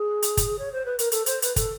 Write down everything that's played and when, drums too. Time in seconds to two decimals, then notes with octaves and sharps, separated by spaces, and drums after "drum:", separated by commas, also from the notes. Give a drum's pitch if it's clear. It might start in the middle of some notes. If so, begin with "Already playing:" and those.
Already playing: G#4
0.22 drum: hi-hat
0.37 drum: kick, hi-hat
0.59 C#5
0.72 C5
0.85 B4
0.99 A#4, drum: hi-hat
1.12 A4, drum: hi-hat
1.26 C5, drum: hi-hat
1.42 B4, drum: hi-hat
1.56 A4, drum: kick, hi-hat